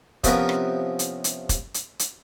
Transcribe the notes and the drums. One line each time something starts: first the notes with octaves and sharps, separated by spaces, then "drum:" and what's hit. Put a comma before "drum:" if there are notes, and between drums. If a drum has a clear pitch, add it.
C3 F3 B3 C#4 A#4 B4, drum: kick, hi-hat
drum: rim click
drum: hi-hat
drum: hi-hat
drum: kick, hi-hat
drum: hi-hat
drum: hi-hat